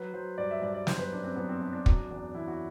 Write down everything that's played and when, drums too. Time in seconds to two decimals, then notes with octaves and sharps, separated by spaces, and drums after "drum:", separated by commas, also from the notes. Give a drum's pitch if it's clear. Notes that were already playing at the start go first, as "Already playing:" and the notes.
Already playing: F#3 B4
0.13 F#3 C5
0.38 G2 D5
0.51 E5
0.62 G2 D5
0.74 D5
0.87 F#2 C5, drum: snare
0.99 B4
1.12 F#2 D4
1.24 C4
1.36 F#2 B3
1.49 C4
1.62 F#2 D4
1.73 D4
1.86 F#3, drum: kick
2.11 E2
2.34 E2 E4
2.48 F#4